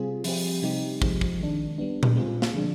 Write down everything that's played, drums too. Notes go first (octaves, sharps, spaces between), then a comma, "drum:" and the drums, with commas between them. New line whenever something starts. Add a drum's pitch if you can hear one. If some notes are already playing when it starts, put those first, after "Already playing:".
Already playing: C3 G3 C4 F4 G#4
F3 C4 G4, drum: open hi-hat
C3 G3 C4 D#4 G4
C3 F3 G#3 C4, drum: kick
drum: kick
D#3 G#3 D4
G3 B3 D4
drum: tom A#2
G#3 C4 F4 G#4
drum: snare
D3 F3 G#3 D4